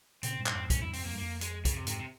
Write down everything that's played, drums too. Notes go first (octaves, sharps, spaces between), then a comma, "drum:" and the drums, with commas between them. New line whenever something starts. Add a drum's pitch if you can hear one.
A#2 C#3 C4, drum: hi-hat
G2 A#2
C4, drum: clap
F2 G#2
G2 A#2 C#4, drum: kick, hi-hat
E2 G2 E4
F2 C4, drum: open hi-hat
F2 A#3
G2
F2 A#3
G#3, drum: hi-hat
C#3, drum: kick, hi-hat
C3
G#2 C3, drum: hi-hat
C3